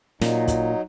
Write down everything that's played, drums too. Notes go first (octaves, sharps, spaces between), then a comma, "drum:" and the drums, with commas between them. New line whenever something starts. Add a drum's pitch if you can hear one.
A#2 F#3 D#4, drum: snare
drum: kick, hi-hat